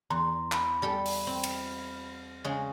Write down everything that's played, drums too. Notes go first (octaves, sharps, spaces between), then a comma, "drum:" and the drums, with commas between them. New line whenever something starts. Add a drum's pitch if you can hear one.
E2 A#5 C6
B5, drum: clap
G3 A4 G5
drum: open hi-hat
C4
drum: cymbal
C#3 G#3